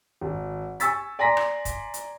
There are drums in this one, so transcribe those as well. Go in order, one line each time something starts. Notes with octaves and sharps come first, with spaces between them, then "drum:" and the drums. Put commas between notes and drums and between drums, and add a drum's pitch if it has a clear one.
G#1
G#5 C#6 E6 A6 B6, drum: hi-hat
D5 G#5 A#5 C6 A#6 B6
drum: rim click
drum: kick, hi-hat
drum: hi-hat